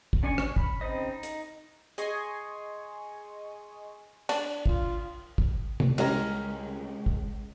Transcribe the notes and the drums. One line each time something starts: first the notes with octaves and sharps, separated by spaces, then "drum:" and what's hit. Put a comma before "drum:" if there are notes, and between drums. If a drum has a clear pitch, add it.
drum: kick
D3 C#4 D5 G#5 C#6
C#5, drum: rim click
B5, drum: kick
C#3 C4 D#4 C5 D#5
D#4
drum: hi-hat
G#4 D#5 G#5 C6 C#6, drum: hi-hat
D4, drum: cymbal
F4, drum: kick
drum: kick
drum: tom
C#2 E3 G3 G#3 C#4 A#4, drum: cymbal
drum: kick